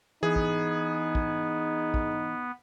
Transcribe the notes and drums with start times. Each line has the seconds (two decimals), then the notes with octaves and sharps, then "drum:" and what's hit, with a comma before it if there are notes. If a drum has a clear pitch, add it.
0.23 E3 B3 D#4 G#4
0.36 drum: kick
1.15 drum: kick
1.94 drum: kick